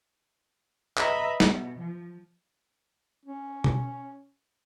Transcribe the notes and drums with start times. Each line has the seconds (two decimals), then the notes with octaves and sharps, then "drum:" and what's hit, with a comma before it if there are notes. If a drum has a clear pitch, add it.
0.98 B4 D#5 E5 A#5 B5, drum: clap
1.40 B2, drum: snare
1.78 F3
3.25 C#4
3.64 drum: tom B2